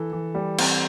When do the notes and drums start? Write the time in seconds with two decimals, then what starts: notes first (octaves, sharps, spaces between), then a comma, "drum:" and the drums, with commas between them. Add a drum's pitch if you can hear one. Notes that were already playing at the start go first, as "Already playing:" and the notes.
Already playing: E3 A4
0.13 E3
0.35 G3
0.59 C4, drum: cymbal